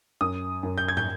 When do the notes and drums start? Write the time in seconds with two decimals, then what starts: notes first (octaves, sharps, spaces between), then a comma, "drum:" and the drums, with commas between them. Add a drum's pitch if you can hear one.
0.21 F#2 D#6
0.63 F#2
0.78 G6
0.88 G#6
0.97 G6, drum: tom